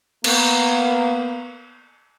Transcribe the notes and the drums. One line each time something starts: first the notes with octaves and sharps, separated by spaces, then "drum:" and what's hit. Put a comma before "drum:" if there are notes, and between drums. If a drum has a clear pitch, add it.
A#3 B3, drum: cymbal